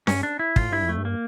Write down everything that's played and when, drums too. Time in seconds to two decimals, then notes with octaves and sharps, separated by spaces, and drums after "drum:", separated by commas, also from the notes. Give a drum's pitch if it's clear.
0.07 G2 C#4, drum: snare C#4
0.23 D4
0.39 E4
0.56 A2 F4, drum: kick
0.70 G2 E4
0.83 F2
0.89 A3
0.98 G2
1.05 A#3